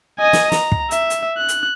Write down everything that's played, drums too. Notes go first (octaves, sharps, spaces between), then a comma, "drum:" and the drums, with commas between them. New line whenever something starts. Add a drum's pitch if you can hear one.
D#5 G#5
drum: snare
A#5, drum: snare
drum: kick
E5, drum: hi-hat
drum: hi-hat
F#6
drum: hi-hat